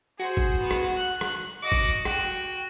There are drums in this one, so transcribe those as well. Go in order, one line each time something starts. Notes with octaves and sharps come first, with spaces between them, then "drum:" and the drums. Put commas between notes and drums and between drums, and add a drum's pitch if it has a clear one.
F#4 G#4 C5
drum: kick
B3
drum: rim click
F#6
drum: rim click
F#4 D#5 D6
drum: kick
F#4 G5, drum: rim click